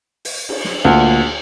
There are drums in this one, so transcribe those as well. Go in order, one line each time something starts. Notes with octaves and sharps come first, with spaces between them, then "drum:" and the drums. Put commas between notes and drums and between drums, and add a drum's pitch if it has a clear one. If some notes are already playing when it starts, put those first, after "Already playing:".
drum: open hi-hat
drum: cymbal
drum: snare
D2 A#2